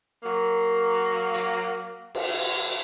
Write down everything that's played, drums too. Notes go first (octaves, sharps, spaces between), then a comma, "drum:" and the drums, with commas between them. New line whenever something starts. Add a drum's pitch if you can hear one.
F#3 A#3
drum: hi-hat
drum: cymbal